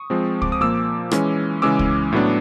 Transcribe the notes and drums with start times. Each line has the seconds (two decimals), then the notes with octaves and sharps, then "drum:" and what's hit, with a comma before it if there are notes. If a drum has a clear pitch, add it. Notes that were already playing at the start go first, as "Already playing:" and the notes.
Already playing: C#6 D#6
0.10 F3 G#3 C4
0.42 D6, drum: kick C2
0.52 D#6
0.61 A#2 F3 A#3 D6 E6
1.11 E3 G#3 C#4, drum: rim click
1.62 C#3 E3 G#3 C#4 D6 E6
1.79 drum: kick C2
2.12 A2 F#3 B3 D4